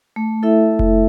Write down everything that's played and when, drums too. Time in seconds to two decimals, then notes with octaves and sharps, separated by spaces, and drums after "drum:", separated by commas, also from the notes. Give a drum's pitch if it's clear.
0.16 A3
0.43 E4 A4 E5
0.79 drum: kick F1